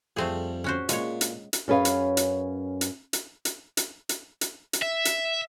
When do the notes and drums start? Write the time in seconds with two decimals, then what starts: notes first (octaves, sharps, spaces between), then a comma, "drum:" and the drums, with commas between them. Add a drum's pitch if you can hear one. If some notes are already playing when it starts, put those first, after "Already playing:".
0.17 F2 G3 A3 C4 G#4
0.64 C#4 F#4 C5
0.89 A#2 G#3 C#5, drum: hi-hat
1.21 drum: hi-hat
1.53 drum: hi-hat
1.68 F#2 C#4 G#4 B4 F5
1.85 drum: hi-hat
2.17 drum: hi-hat
2.81 drum: hi-hat
3.13 drum: hi-hat
3.45 drum: hi-hat
3.77 drum: hi-hat
4.09 drum: hi-hat
4.41 drum: hi-hat
4.73 drum: hi-hat
4.82 E5
5.05 drum: hi-hat